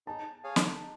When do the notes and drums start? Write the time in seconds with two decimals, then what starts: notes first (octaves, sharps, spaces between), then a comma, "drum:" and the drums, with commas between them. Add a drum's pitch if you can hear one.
0.07 D#4 A5
0.44 G#4 C#5 F5 G#5
0.56 drum: snare
0.81 D#4